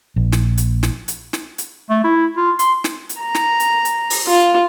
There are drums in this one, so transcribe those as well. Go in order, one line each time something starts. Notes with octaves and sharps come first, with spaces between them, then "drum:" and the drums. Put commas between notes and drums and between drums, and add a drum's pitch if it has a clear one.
A#1
drum: snare
drum: hi-hat
drum: snare
drum: hi-hat
drum: snare
drum: hi-hat
A3
E4
F4
C6, drum: hi-hat
drum: snare
drum: hi-hat
A#5
drum: snare
drum: hi-hat
drum: hi-hat
drum: open hi-hat
F4